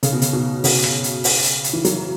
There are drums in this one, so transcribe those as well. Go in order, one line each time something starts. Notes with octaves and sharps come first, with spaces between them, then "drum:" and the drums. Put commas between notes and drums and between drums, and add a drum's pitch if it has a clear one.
C#3, drum: hi-hat
B2
C#3, drum: hi-hat
B2
C#3, drum: open hi-hat
drum: rim click
drum: hi-hat
drum: open hi-hat
drum: hi-hat
drum: hi-hat
E3
F#3, drum: hi-hat